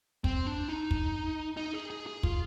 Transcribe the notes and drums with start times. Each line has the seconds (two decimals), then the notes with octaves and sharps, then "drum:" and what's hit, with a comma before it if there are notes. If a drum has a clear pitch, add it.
0.24 C4, drum: kick
0.46 D4
0.69 D#4
0.91 drum: kick
1.57 D#4
1.74 G#4
1.90 G#4
2.07 G#4
2.23 F4, drum: kick